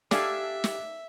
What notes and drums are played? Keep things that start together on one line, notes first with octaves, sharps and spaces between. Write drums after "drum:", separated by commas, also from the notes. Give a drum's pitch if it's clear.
D4 G4 A4 E5 F5 G#5, drum: snare
drum: snare